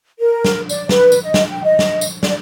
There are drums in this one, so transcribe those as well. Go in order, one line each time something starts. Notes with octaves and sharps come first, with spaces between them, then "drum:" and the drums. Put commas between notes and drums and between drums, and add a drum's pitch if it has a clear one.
A#4
drum: snare
D5, drum: tambourine
B4, drum: snare
drum: tambourine
D#5
drum: snare
G5
D#5
drum: snare
drum: tambourine
D5, drum: snare